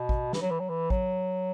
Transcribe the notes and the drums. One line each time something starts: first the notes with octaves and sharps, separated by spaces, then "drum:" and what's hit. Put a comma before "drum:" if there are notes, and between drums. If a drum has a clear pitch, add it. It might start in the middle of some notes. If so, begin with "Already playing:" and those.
Already playing: B2
drum: kick
E3, drum: snare
F#3
E3
F#3
E3
F#3, drum: kick